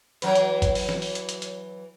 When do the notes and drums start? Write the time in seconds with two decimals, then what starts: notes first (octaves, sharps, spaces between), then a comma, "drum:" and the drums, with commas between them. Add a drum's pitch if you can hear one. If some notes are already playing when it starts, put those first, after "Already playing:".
0.22 E3 F#3 B4, drum: hi-hat
0.35 drum: hi-hat
0.62 drum: kick G1, hi-hat
0.75 drum: open hi-hat
0.89 drum: snare
1.02 drum: open hi-hat
1.15 drum: hi-hat
1.29 drum: hi-hat
1.42 drum: hi-hat